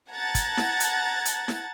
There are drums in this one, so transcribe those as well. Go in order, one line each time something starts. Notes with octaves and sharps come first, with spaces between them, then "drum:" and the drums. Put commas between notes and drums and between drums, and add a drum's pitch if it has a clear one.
F#5 A5 A#5 F#6 G#6 A6
drum: kick, hi-hat
drum: snare E4
drum: hi-hat
drum: hi-hat
drum: snare E4